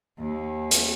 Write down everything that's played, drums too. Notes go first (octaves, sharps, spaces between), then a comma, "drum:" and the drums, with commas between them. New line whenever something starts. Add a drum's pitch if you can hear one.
D#2
drum: hi-hat